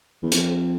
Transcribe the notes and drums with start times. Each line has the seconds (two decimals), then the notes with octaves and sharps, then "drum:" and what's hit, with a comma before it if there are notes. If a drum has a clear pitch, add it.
0.22 E2
0.32 F2, drum: hi-hat